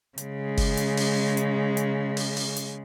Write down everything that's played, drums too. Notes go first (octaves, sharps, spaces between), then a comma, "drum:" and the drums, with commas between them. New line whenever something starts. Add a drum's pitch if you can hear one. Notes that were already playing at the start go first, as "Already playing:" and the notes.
C#3 G#3, drum: hi-hat
drum: kick F#1, open hi-hat
drum: hi-hat
drum: open hi-hat
drum: hi-hat
drum: hi-hat
drum: open hi-hat
drum: open hi-hat
drum: hi-hat